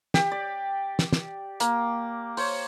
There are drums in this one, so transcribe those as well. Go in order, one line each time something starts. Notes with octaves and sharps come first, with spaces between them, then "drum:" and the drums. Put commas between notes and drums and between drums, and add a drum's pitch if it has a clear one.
G4, drum: snare
D5
drum: snare
drum: snare
A#3, drum: hi-hat
C5 C#5, drum: open hi-hat